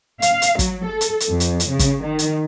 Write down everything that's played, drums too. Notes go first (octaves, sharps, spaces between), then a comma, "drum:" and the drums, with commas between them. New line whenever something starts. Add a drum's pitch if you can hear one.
F5, drum: hi-hat
drum: hi-hat
F#3, drum: kick, hi-hat
A4
drum: hi-hat
drum: hi-hat
F2
drum: hi-hat
drum: hi-hat
C#3
drum: kick, hi-hat
D#3
drum: hi-hat